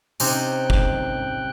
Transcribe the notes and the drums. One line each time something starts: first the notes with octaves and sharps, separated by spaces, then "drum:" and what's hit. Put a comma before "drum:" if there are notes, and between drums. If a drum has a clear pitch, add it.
C3 C#4 D#4 G5 F#6, drum: tambourine
drum: kick